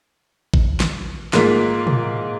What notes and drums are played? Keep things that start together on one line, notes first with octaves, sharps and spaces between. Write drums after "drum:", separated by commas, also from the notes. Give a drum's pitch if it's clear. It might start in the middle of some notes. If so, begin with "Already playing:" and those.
drum: kick A1
drum: snare
G#2 A#3 F4 B6, drum: snare
drum: tom